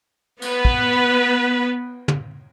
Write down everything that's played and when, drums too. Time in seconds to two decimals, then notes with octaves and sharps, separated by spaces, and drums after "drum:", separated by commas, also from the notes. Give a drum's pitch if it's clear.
0.42 B3 B4, drum: cymbal
0.65 drum: kick
2.08 drum: tom